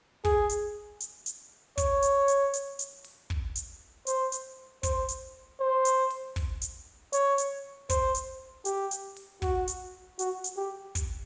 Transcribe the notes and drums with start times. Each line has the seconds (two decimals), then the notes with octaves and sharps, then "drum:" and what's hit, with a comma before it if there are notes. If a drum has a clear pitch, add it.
0.25 G#4, drum: kick, open hi-hat
0.49 drum: hi-hat
1.00 drum: hi-hat
1.26 drum: hi-hat
1.78 C#5, drum: kick, hi-hat
2.02 drum: hi-hat
2.28 drum: hi-hat
2.53 drum: hi-hat
2.79 drum: hi-hat
3.04 drum: open hi-hat
3.30 drum: kick
3.55 drum: hi-hat
4.07 C5, drum: hi-hat
4.32 drum: hi-hat
4.83 C5, drum: kick, hi-hat
5.08 drum: hi-hat
5.60 C5
5.85 drum: hi-hat
6.10 drum: open hi-hat
6.36 drum: kick, open hi-hat
6.62 drum: hi-hat
7.13 C#5, drum: hi-hat
7.38 drum: hi-hat
7.89 C5, drum: kick, hi-hat
8.15 drum: hi-hat
8.65 G4, drum: hi-hat
8.91 drum: hi-hat
9.17 drum: open hi-hat
9.42 F#4, drum: kick, open hi-hat
9.68 drum: hi-hat
10.19 F#4, drum: hi-hat
10.44 drum: hi-hat
10.56 G4
10.95 drum: kick, hi-hat